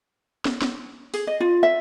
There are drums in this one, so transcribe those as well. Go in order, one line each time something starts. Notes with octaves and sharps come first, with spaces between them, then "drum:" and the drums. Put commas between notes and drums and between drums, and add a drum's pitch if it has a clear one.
drum: snare
drum: snare
G#4, drum: open hi-hat
D#5
F4
E5